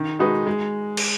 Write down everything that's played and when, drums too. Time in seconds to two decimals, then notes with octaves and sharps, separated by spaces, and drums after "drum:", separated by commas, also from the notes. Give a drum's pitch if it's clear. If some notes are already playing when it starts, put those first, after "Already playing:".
Already playing: D#3
0.19 G#3 D#4 F#4 B4
0.46 G#3
0.97 drum: cymbal